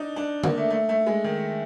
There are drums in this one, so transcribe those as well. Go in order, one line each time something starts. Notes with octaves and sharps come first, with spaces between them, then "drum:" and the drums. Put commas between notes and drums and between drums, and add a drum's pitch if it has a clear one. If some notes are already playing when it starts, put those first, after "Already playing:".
Already playing: D4 D#4
D4
A#3, drum: tom D3
A3
A3
A3
G#3
D#3